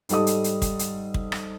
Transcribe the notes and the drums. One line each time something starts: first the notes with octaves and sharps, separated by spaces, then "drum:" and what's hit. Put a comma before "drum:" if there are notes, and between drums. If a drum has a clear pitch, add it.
G#2 G3 A4 D#5 D#6, drum: hi-hat
drum: hi-hat
drum: hi-hat
drum: kick, hi-hat
drum: hi-hat
drum: kick
drum: rim click